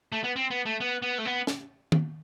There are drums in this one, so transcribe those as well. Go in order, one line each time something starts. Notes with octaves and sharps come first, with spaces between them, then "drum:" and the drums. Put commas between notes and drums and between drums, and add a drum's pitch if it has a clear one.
A3
B3
C4
B3
A3
B3
B3
A3
B3
drum: snare
drum: tom D#3